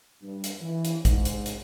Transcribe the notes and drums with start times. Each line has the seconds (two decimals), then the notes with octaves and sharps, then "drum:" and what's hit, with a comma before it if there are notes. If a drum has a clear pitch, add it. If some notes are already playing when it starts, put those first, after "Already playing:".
0.22 G2
0.44 drum: hi-hat
0.61 E3
0.85 drum: hi-hat
1.05 G#2, drum: kick A#1, hi-hat
1.25 drum: hi-hat
1.46 drum: hi-hat